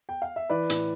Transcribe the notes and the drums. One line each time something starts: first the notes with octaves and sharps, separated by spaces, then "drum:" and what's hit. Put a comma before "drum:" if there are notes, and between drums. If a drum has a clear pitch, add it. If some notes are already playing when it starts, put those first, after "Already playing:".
G5
F5
E5
E3 B4 D5
A2, drum: hi-hat